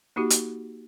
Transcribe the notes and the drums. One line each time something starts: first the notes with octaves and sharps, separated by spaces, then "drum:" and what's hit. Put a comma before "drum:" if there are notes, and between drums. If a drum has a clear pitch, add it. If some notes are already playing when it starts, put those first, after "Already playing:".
A#3 D#4 F#4 G4
drum: hi-hat